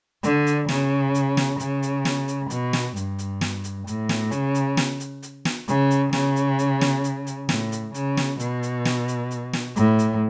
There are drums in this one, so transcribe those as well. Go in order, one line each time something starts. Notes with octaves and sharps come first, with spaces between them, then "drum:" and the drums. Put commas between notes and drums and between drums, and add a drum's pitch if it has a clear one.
D3, drum: hi-hat
drum: hi-hat
C#3, drum: snare
drum: hi-hat
drum: snare
C#3, drum: hi-hat
drum: hi-hat
drum: snare
drum: hi-hat
B2, drum: hi-hat
drum: snare
G2, drum: hi-hat
drum: hi-hat
drum: snare
drum: hi-hat
A2, drum: hi-hat
drum: snare
C#3, drum: hi-hat
drum: hi-hat
drum: snare
drum: hi-hat
drum: hi-hat
drum: snare
C#3, drum: hi-hat
drum: hi-hat
C#3, drum: snare
drum: hi-hat
drum: hi-hat
drum: snare
drum: hi-hat
drum: hi-hat
A2, drum: snare
drum: hi-hat
C#3, drum: hi-hat
drum: snare
B2, drum: hi-hat
drum: hi-hat
drum: snare
drum: hi-hat
drum: hi-hat
drum: snare
A2, drum: hi-hat
drum: hi-hat